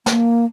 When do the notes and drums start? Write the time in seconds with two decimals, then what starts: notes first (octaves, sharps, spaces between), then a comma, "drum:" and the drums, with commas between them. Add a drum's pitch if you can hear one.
0.06 A#3, drum: snare